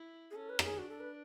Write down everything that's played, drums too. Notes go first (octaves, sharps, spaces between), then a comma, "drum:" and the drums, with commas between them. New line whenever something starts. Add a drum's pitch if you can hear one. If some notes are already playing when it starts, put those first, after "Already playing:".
Already playing: E4
G#4
C#4 A4
B4
A4, drum: rim click
G#4
D4 F#4
A4
B4